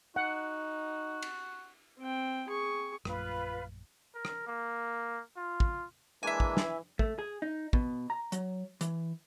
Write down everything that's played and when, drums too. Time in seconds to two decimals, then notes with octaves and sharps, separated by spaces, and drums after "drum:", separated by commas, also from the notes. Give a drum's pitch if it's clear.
0.16 D#4 F#4 F#5
1.22 drum: cymbal
1.99 C4 G5
2.48 G#4 C#6
3.05 A#1 F#2 A3 F4 B4, drum: rim click
4.15 A#4
4.25 drum: rim click
4.47 A#3
5.37 F4
5.60 drum: kick
6.23 E3 G#3 A#3 D4 E5 G#5
6.40 drum: kick
6.57 drum: snare
6.99 A3, drum: kick
7.19 G#4
7.42 D#4
7.73 B2, drum: kick
8.10 A#5
8.32 F#3, drum: hi-hat
8.81 E3, drum: hi-hat